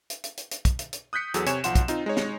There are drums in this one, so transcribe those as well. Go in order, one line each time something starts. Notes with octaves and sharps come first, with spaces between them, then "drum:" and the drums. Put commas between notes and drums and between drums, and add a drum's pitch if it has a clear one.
drum: hi-hat
drum: hi-hat
drum: hi-hat
drum: hi-hat
drum: kick, hi-hat
drum: hi-hat
drum: hi-hat
D#6 F#6 G6 B6 C#7
E2 F#3 G#4 A4 D#6 E6, drum: hi-hat
C3 C#5 G#5 C#6 E7, drum: hi-hat
B1 F3 F#5 C6 E7, drum: hi-hat
drum: kick, hi-hat
C4 D#4 F4, drum: hi-hat
G#3 D#4 C#5
drum: snare